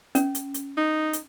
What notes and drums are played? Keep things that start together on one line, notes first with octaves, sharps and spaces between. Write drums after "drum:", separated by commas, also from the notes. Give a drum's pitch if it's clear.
C#4, drum: hi-hat
drum: hi-hat
drum: hi-hat
D#4
drum: hi-hat